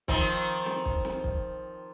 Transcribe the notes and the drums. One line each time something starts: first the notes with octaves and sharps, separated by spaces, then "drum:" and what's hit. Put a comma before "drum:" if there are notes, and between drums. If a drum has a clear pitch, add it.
D#3 F3 C4, drum: kick
drum: snare
drum: kick
drum: snare
drum: kick